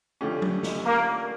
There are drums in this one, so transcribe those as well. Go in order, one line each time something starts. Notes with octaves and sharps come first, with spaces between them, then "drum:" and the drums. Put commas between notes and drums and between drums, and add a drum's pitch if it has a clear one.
D3 F3 A3 C#4 G4
drum: tom F#3
drum: snare
A#3